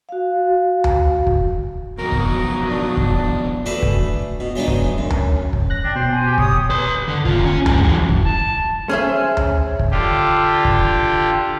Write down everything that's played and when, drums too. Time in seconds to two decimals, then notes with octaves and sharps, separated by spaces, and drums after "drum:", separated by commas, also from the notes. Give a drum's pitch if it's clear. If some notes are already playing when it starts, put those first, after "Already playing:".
0.09 F#4 F5
0.84 drum: tom D2
1.27 drum: kick
1.98 F2 B2 F#3 D#4 A#4
2.12 drum: kick
2.70 D4
2.97 drum: kick
3.66 A3 D4 F#4 G#4 A4 B4
3.83 drum: kick
4.40 B2
4.56 E3 F#3 G#3 B3 D4 D#4
4.68 drum: kick
4.98 F#2
5.10 drum: tom D2
5.53 drum: kick
5.70 F#6 A#6
5.84 D4 G5
5.96 B2 C5
6.10 G#5
6.26 G4
6.38 G4 C#5 D#6, drum: kick
6.70 B4 C6
7.08 D3
7.25 D#2 F4, drum: kick
7.45 C#4
7.66 G2 G#3, drum: tom D2
7.83 E3 F#3
8.09 drum: kick
8.25 A5
8.89 C#4 G#4 C5 E5
9.37 drum: tom D2
9.79 drum: kick
9.91 D3 F4 G4
10.65 drum: kick